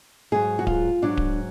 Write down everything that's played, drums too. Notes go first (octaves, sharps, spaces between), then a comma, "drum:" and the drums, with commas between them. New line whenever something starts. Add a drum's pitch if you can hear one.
G#2 F#3 G#4
F#4
F4, drum: kick D1
G#2 F#3 D4
drum: kick D1